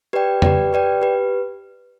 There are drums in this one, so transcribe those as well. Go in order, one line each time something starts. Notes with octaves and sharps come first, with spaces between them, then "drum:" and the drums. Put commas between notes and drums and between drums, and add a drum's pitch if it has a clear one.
G4 B4 D5 G5
G4 B4 D5 G5, drum: tom F2
G4 B4 D5 G5
G4 B4